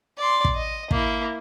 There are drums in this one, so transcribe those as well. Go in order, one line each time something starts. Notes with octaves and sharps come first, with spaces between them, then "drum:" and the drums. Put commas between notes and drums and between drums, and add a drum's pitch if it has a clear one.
D5 C6
drum: kick
D#5
A#3 E4, drum: kick